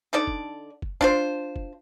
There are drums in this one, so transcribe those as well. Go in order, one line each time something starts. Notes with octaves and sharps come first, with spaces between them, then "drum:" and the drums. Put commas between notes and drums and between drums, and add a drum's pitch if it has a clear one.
D3 D#4 A4 D5
drum: kick
drum: kick
D4 F4 C5, drum: kick
drum: kick